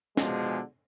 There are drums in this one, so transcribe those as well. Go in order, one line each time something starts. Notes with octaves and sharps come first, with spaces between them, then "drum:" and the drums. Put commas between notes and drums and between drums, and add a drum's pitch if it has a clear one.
B2 D3 F3 G#3, drum: snare